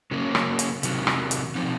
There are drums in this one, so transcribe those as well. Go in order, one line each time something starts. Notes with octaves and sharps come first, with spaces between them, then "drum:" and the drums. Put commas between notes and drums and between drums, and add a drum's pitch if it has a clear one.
C#3 F#3 A#3 C#4
drum: rim click
drum: hi-hat
C3 D#3 F#3, drum: hi-hat
drum: rim click
drum: hi-hat
F3 C4 D#4